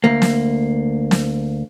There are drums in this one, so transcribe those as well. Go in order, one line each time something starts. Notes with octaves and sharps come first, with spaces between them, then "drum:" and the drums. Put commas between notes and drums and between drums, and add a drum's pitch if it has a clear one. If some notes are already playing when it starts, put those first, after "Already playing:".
D2 A#3
drum: snare
drum: snare